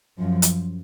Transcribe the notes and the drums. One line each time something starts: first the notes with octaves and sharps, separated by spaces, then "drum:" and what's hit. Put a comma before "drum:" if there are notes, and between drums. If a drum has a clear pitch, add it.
F#2 F3
drum: hi-hat